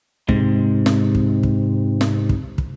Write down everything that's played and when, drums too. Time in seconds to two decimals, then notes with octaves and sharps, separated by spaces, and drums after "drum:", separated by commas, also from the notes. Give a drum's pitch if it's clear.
0.29 G#2 C3 G#3, drum: kick
0.86 drum: snare
1.15 drum: kick
1.43 drum: kick
2.01 drum: snare
2.29 drum: kick
2.58 drum: kick